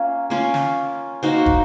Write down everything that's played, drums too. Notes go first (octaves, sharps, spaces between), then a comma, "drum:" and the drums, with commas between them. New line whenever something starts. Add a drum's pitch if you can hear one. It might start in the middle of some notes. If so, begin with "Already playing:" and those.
Already playing: A#3 C#4 F4
A#3 C#4 F4
drum: snare
A#3 D#4 F#4 C5
drum: kick